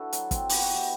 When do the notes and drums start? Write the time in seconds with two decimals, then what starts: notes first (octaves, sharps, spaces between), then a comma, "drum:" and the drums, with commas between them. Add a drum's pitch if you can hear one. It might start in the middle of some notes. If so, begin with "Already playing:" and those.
Already playing: D3 E4 F#4 A4 B4
0.13 F#3, drum: hi-hat
0.31 C4, drum: kick, hi-hat
0.49 B3 G4, drum: open hi-hat
0.62 F#4
0.69 E3
0.74 G4